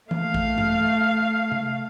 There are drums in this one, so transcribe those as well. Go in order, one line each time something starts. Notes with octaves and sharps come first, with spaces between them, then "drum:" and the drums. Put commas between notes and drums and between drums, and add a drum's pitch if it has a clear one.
A3 F5, drum: tom E3
drum: kick A#1
drum: tom G2
drum: tom C3